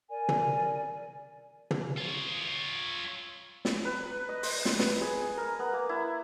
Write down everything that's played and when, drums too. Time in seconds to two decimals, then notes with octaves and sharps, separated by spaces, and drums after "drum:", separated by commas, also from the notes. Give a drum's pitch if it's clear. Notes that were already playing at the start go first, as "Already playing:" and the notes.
0.10 A#4 D5 G#5
0.29 drum: tom
1.71 drum: tom
1.97 F4 C#5
3.65 drum: snare
3.85 B4
4.29 D#5
4.43 C5, drum: open hi-hat
4.65 drum: snare
4.79 B4, drum: snare
5.01 G#4
5.37 A#4
5.60 B3
5.73 A#3
5.89 E4